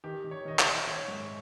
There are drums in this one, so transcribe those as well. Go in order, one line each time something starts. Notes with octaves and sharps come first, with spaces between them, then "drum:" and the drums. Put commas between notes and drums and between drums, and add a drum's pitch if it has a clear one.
D#3 G4
D#3
C#5
D#3 D#5
E5, drum: clap
D#3
D#3 C#5
G#2